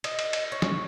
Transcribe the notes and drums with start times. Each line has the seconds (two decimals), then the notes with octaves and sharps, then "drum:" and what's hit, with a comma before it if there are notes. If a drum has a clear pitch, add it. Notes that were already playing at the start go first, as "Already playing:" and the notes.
0.04 D#5, drum: cymbal
0.19 drum: cymbal
0.33 drum: cymbal
0.52 C#5
0.62 drum: snare